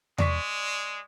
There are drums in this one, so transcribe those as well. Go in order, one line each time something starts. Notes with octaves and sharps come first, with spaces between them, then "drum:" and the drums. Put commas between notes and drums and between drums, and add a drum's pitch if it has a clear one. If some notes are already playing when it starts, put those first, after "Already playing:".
G#3 D5 C#6 B6, drum: tom E2